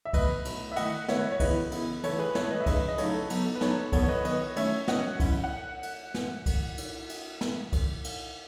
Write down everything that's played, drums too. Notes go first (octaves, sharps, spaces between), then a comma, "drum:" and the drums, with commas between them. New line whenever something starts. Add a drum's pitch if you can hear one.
E5
B2 F#3 A3 B4 D#5, drum: kick B1, cymbal
B2 F#3 A3, drum: cymbal
E5
D#3 A3 E4 D#5 F#5, drum: cymbal
D#3 A3 E4 C#5 E5, drum: snare
C#5
C#3 E3 B3 E4 B4 D#5, drum: kick B1, cymbal
C#3 E3 B3 E4, drum: cymbal
E3 A3 E4 A4 C#5, drum: cymbal
G#4 B4
E3 A3 E4 A4 C#5, drum: snare
B4 D#5
E5
C#3 F#3 A3 D#4 B4 D#5, drum: kick B1, cymbal
D#5
C#3 F#3 A3 D#4 A4 C#5, drum: cymbal
A4
F#3 B3 D#4 A4, drum: cymbal
B4
F#3 B3 D#4 A4 C#5, drum: snare
D#3 F#3 B3 A4 C#5, drum: kick B1, cymbal
C#5
B4 D#5
D#3 F#3 B3 B4 D#5, drum: cymbal
D#3 F#3 A3 C#4 C#5 E5, drum: cymbal
D#3 F#3 A3 C#4 D#5 F#5, drum: snare
F#3 C#4 E4, drum: kick B1, cymbal
F#5
drum: cymbal
drum: snare
drum: kick B1, cymbal
drum: cymbal
drum: cymbal
drum: snare
drum: kick B1, cymbal
drum: cymbal